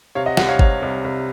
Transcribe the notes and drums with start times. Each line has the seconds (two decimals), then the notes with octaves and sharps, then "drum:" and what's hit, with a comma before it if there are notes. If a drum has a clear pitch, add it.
0.15 C3 C#5 F5
0.26 D#5 F#5
0.37 C2 D#5 F#5, drum: snare
0.48 C#5 F5
0.59 C3 C#5 F5, drum: kick G1
0.82 C2
1.04 C2